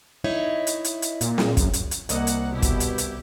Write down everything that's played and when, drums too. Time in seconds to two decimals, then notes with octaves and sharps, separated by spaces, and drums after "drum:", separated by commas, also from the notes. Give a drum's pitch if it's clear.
0.24 D#4 E4 C#5
0.67 drum: hi-hat
0.84 drum: hi-hat
1.02 drum: hi-hat
1.21 A#2, drum: hi-hat
1.38 drum: snare
1.57 F#2, drum: kick, hi-hat
1.73 drum: hi-hat
1.91 drum: hi-hat
2.09 C2 A#3 D#5 F#5, drum: hi-hat
2.27 drum: hi-hat
2.53 B2 E4 G4
2.62 drum: kick, hi-hat
2.80 drum: hi-hat
2.98 drum: hi-hat